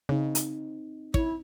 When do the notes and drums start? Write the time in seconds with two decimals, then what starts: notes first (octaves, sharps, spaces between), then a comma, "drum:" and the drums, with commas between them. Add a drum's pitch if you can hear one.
0.09 C#3 C4 D#4
0.35 drum: hi-hat
1.14 E4 C#5, drum: kick